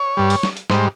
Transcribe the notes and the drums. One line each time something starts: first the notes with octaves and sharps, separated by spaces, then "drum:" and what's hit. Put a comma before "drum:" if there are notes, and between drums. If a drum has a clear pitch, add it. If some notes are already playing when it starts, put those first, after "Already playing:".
Already playing: C#5
G2 G3
drum: open hi-hat
drum: snare
drum: hi-hat
G#2 G3 C5, drum: snare